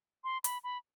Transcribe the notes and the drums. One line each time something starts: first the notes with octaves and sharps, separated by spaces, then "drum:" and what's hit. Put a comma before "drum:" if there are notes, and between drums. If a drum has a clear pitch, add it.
C6
B5, drum: hi-hat
B5